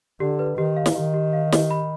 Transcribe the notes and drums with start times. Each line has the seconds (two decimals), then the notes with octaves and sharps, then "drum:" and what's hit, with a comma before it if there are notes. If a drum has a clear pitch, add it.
0.20 D3 G4
0.39 B4
0.58 D#3 G4
0.77 F5
0.86 drum: snare
0.96 D#3 G4
1.14 G4
1.33 F5
1.52 G4, drum: snare
1.71 B5